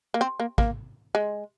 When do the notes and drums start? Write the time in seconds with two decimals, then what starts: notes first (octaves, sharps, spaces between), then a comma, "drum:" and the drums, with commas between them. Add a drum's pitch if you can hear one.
0.14 A#3
0.21 C4
0.40 A#3
0.58 A#3, drum: kick
1.15 G#3